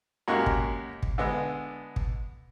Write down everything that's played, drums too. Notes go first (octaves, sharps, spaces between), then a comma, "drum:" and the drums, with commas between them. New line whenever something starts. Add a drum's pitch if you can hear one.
F#2 G#3 A#3 F#4 G4 C#6
drum: kick
drum: kick
D3 G#3 B3
drum: kick